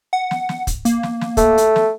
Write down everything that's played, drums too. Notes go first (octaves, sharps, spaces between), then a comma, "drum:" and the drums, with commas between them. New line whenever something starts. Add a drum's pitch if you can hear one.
F#5
drum: snare
drum: snare
drum: kick, hi-hat
A#3, drum: hi-hat
drum: snare
drum: snare
A3, drum: kick, hi-hat
drum: hi-hat
drum: snare